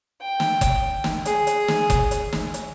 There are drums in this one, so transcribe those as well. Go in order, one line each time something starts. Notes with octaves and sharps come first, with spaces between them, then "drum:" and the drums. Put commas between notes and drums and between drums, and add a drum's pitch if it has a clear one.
G5
drum: snare
drum: kick F#1, hi-hat
drum: snare
G#4, drum: hi-hat
drum: hi-hat
drum: snare
drum: kick F#1, hi-hat
drum: hi-hat
drum: snare
drum: hi-hat